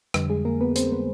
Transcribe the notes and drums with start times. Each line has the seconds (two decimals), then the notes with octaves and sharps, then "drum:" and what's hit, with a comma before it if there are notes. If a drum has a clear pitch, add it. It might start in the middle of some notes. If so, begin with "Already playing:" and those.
0.14 F2 D3 G3, drum: rim click
0.30 G#3 G#4
0.45 A#3 A#4
0.61 B3 B4
0.76 C4 C5, drum: hi-hat
0.92 B3 B4